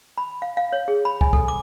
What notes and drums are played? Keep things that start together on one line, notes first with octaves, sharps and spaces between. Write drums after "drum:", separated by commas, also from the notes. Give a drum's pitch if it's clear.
B5
F5
F5
C#5
G#4
B5
G#5, drum: kick
A4, drum: kick
D6